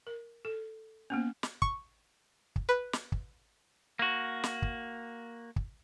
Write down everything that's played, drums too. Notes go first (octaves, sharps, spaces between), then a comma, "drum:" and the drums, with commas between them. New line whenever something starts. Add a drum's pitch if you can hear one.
A#4
A4
A#3 B3 C#4
drum: snare
C#6, drum: kick
drum: kick
B4
drum: snare
drum: kick
A#3 F#4
drum: snare
drum: kick
drum: kick